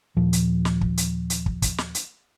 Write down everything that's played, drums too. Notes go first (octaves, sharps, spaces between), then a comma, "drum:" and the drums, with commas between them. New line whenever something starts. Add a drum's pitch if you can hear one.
D#2 A#2 F3
drum: hi-hat
drum: snare
drum: kick
drum: hi-hat
drum: hi-hat
drum: kick
drum: kick, hi-hat
drum: snare
drum: hi-hat